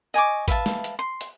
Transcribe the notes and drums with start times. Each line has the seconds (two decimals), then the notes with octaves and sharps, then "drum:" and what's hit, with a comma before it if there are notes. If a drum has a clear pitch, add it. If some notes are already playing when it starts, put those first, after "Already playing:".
0.14 D#5 G#5 C#6 D6
0.48 B4 E5 F5 A5, drum: kick A1, hi-hat
0.66 drum: snare
0.84 drum: hi-hat
0.99 C6
1.21 drum: hi-hat